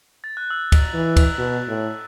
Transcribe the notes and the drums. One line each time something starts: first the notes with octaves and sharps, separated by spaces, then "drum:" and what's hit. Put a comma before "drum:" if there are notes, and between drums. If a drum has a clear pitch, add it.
A6
F#6
E6
drum: kick, cymbal
E3
drum: kick, cymbal
B2
A2